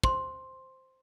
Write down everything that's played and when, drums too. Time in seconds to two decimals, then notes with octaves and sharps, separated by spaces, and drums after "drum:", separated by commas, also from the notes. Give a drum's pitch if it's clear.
0.03 C5 C6, drum: kick